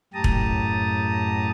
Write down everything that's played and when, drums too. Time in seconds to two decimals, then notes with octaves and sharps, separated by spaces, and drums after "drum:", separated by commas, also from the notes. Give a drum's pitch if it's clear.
0.14 F#2 A2 G4 A5 A#5 D#6
0.24 drum: kick E1